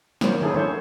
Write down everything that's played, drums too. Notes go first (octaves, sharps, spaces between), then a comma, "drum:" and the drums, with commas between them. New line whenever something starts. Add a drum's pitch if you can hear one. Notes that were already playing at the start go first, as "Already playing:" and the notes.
D#3 F#3 A#3 C4 C5 C#5, drum: snare
D3 D#3 C#4 E4 G#4 A4
D3 E3 A3 C5 C#5